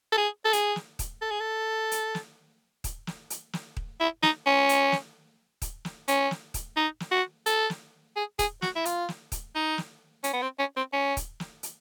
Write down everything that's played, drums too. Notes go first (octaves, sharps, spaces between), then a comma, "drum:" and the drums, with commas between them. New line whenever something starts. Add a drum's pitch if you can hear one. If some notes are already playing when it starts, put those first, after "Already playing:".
A4
G#4
A4
G#4, drum: hi-hat
drum: snare
drum: kick D#1, hi-hat
A4
G#4
A4
drum: hi-hat
drum: snare
drum: kick D#1, hi-hat
drum: snare
drum: hi-hat
drum: snare
drum: kick D#1
E4
D#4, drum: snare
C#4
drum: hi-hat
drum: snare
drum: kick D#1, hi-hat
drum: snare
C#4, drum: hi-hat
drum: snare
drum: kick D#1, hi-hat
D#4
drum: snare
F#4
A4, drum: hi-hat
drum: snare
G#4
G#4, drum: kick D#1, hi-hat
F#4, drum: snare
E4
F4, drum: hi-hat
drum: snare
drum: kick D#1, hi-hat
D#4
drum: snare
C#4, drum: hi-hat
B3
C4
C#4
C4
C#4
drum: kick D#1, hi-hat
drum: snare
drum: hi-hat